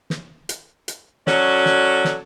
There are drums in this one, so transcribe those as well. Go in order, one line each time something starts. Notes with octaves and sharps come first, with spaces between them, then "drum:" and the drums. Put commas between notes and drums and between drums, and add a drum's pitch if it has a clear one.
drum: snare
drum: hi-hat
drum: hi-hat
F#3 C#4 F#4 A4 D5, drum: snare
drum: snare
drum: snare